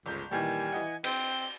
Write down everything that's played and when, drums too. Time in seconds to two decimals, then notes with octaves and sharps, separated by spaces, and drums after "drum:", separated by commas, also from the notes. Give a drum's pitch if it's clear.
0.06 G1 C#2 G6
0.31 A#2 D#3 E3 G3 G#5
0.72 E3 D#5 F#5
1.04 C4 G6 G7, drum: cymbal